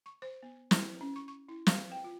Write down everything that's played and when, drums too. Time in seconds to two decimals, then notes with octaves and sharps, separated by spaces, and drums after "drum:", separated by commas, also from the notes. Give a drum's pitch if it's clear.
0.06 C#6
0.22 C5
0.43 B3
0.71 E4, drum: snare
1.01 C#4
1.16 C#6
1.28 C#6
1.49 E4
1.67 F5, drum: snare
1.92 G5
2.04 F4